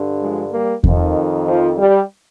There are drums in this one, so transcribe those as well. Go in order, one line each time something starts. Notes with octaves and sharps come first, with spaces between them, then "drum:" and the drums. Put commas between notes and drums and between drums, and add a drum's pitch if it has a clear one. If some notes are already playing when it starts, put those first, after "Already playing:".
Already playing: G2 D3
F3 G#3
G3 A#3
F2 D#3, drum: kick E2
F3
G3